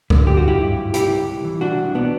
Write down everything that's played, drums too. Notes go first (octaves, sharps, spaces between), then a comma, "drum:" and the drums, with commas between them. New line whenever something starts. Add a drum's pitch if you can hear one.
D3, drum: kick C#2
G2 G4
F#4
G2 E4 G4
G2
G2
C2 E4 G4, drum: hi-hat
C2
C2
E3
C2 D4 F#4
C2
B2 B3 D4